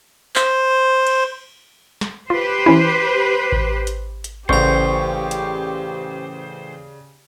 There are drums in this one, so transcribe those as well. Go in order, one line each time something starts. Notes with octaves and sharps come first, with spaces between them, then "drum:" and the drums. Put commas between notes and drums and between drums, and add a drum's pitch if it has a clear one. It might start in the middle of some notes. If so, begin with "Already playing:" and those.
C5, drum: clap
drum: cymbal
drum: snare
F4 G4 B4 C5
E3 C#4 E4
drum: kick A1
drum: hi-hat
drum: hi-hat
A1 C#3 G4 C5 D5 A#5 C#6, drum: kick A1
drum: hi-hat